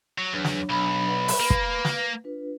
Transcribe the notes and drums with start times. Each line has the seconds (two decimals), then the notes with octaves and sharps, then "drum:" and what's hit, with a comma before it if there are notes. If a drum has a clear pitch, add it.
0.18 F#3
0.33 E2 F#3 D4 C#5
0.45 drum: snare
0.70 B1 B5
1.07 B4 D5 F#5
1.28 drum: open hi-hat
1.40 A#3 B4
1.50 drum: kick
1.85 drum: snare
2.24 D4 F4 B4